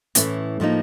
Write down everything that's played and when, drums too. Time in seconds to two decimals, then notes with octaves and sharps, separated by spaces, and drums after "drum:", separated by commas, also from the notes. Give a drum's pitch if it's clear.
0.15 A2 E3 A3 C#4 E4, drum: hi-hat
0.60 A2 F3 A#3 D#4